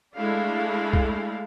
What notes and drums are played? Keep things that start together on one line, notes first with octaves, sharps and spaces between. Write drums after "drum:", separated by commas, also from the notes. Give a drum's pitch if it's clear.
G#3 A3 D4 E4 F5
drum: kick B1